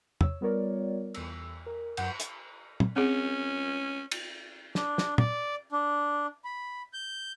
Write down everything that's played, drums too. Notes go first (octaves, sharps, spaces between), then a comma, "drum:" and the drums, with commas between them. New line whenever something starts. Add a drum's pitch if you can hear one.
C#5 E6, drum: tom
G3 B3 F4 A#4 C#5 D5
E2 E6, drum: cymbal
A#4
F#2 F#5 G6, drum: cymbal
drum: hi-hat
drum: tom
C4 C#4 G#4
drum: cymbal
D4, drum: snare
drum: snare
D5, drum: tom
D4
B5
G6